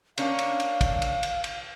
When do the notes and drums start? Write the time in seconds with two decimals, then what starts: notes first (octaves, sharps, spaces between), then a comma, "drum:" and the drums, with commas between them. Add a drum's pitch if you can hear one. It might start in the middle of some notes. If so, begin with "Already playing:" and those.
0.18 A#3 C#4 D4 F5, drum: cymbal
0.39 drum: cymbal
0.60 drum: cymbal
0.81 drum: kick, cymbal
1.02 drum: cymbal
1.23 drum: cymbal
1.44 drum: cymbal